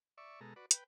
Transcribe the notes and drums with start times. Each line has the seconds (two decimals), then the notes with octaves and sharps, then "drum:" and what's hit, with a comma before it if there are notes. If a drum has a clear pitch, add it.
0.18 D5 E5 C#6
0.40 B2 G#3 A4 A#5
0.56 F#4 B4 D5
0.71 B4 G5, drum: hi-hat